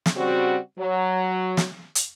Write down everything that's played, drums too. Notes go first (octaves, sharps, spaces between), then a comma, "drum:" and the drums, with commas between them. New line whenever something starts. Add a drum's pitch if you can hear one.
drum: snare
C#3 G3 C4 F#4
F#3
drum: snare
drum: hi-hat